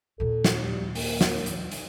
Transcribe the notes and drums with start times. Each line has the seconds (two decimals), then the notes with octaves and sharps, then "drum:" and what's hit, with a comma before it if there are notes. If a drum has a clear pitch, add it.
0.20 D#2 A#2 A4
0.45 drum: snare
0.63 G3
0.95 A#3, drum: open hi-hat
1.21 drum: snare
1.46 drum: hi-hat
1.72 drum: hi-hat